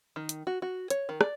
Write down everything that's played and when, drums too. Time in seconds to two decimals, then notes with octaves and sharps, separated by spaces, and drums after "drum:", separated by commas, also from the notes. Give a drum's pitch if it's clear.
0.16 D#3
0.29 drum: hi-hat
0.47 F#4
0.62 F#4
0.90 C#5, drum: hi-hat
1.09 D#3
1.21 D5, drum: rim click